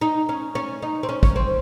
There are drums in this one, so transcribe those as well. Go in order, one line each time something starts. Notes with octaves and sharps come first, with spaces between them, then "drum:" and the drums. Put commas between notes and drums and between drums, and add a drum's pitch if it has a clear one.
D#4
C#4
C#4
D#4
C4
C#4
C#4, drum: kick
C4